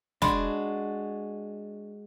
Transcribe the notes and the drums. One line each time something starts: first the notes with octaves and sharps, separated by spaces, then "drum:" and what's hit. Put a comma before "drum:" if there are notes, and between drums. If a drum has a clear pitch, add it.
G#3 D4 F#4 B5 C6, drum: snare